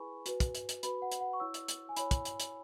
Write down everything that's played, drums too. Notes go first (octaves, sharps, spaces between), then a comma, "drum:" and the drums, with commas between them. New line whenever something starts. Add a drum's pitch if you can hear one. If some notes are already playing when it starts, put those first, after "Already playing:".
Already playing: E4 G#4 B4 G#5 B5 C#6
F#4 B4, drum: hi-hat
drum: kick, hi-hat
drum: hi-hat
drum: hi-hat
F#4 B4 B5, drum: hi-hat
F#5
drum: hi-hat
F#5
C#6
E4 C#5 E6
drum: hi-hat
drum: hi-hat
G#5
E4 C#5 B5, drum: hi-hat
drum: kick, hi-hat
drum: hi-hat
drum: hi-hat